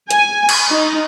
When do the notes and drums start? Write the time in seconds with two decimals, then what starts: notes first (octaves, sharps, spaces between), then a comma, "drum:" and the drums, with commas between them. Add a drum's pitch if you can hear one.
0.11 G#5, drum: hi-hat
0.49 drum: cymbal
0.70 D#4